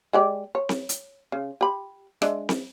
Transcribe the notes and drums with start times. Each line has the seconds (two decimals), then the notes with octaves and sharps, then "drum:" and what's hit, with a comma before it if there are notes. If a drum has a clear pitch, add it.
0.13 G#3 G4 D5
0.55 C#5
0.69 drum: snare C4
0.89 drum: hi-hat
1.32 C#3
1.61 G4 B5
2.22 G#3 D4 E5, drum: rim click
2.49 drum: snare C4